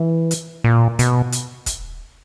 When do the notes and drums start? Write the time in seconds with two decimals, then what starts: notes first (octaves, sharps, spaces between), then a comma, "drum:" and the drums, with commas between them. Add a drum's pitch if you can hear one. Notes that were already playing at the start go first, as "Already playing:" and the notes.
Already playing: E3
0.31 drum: hi-hat
0.64 A#2
0.99 B2, drum: hi-hat
1.32 drum: hi-hat
1.66 drum: kick, hi-hat